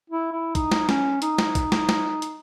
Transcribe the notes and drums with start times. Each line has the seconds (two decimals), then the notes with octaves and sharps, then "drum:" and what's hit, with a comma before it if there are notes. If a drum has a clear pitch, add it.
0.10 E4
0.32 E4
0.55 D#4, drum: kick A#1, hi-hat
0.72 drum: snare
0.89 C#4, drum: snare
1.22 D#4, drum: hi-hat
1.38 drum: snare
1.55 drum: kick A#1, hi-hat
1.72 drum: snare
1.89 drum: snare
2.22 drum: hi-hat